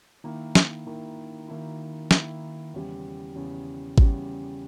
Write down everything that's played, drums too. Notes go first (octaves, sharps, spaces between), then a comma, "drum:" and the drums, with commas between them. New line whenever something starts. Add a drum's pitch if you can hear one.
D#3 A#3 E4
drum: snare
D#3 A#3 E4
D#3 A#3 E4
D#3 A#3 E4, drum: snare
E2 C#3 G3
E2 C#3 G3
E2 C#3 G3, drum: kick G#1